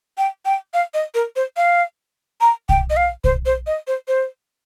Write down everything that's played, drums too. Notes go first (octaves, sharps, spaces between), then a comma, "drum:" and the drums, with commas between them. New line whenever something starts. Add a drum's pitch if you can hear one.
G5
G5
F5
D#5
A#4
C5
F5
A#5
G5, drum: kick
D#5
F5
C5, drum: kick
C5
D#5
C5
C5